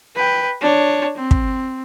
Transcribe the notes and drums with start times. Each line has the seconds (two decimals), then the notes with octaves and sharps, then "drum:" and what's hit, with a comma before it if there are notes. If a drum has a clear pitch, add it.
0.16 B4 G5
0.61 D4 C#5
1.16 C4
1.31 drum: kick